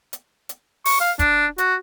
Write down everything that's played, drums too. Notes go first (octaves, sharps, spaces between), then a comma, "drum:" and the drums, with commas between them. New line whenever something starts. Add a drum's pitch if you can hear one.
drum: hi-hat
drum: hi-hat
C#6, drum: open hi-hat
F5
D4, drum: kick, hi-hat
F#4, drum: hi-hat